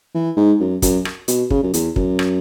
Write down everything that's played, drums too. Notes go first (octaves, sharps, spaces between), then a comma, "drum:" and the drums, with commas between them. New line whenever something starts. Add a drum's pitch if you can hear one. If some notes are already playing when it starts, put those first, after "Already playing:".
E3
G#2
F#2
F#2, drum: kick, hi-hat
drum: rim click
B2, drum: hi-hat
C#3, drum: kick
F#2
E2, drum: hi-hat
F#2, drum: kick
drum: rim click